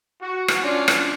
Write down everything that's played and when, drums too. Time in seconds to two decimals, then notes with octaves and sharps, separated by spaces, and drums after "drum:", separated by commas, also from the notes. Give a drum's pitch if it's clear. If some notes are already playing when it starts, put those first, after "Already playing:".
0.22 F#4
0.48 drum: rim click
0.61 C#4 D4 F4
0.88 drum: rim click